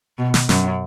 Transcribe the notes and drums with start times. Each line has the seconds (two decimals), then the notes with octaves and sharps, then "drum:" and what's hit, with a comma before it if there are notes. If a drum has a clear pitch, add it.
0.18 B2
0.34 drum: snare
0.49 F#2, drum: snare